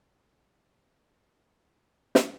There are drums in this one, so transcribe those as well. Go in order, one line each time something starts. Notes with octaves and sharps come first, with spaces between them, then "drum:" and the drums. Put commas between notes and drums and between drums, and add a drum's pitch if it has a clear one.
F#3
A#3 D#4
F#3
A#3 D#4
F#3
A#3 D#4
F#3
drum: snare